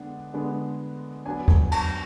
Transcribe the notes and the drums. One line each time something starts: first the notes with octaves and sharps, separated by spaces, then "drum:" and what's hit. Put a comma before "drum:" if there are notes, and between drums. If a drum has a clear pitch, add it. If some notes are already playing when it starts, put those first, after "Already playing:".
Already playing: D3 G#3 B3 D4 F#5
D3 G#3 B3 D4
F#3 B3 D4 G#5
G#5, drum: kick D2
A5, drum: cymbal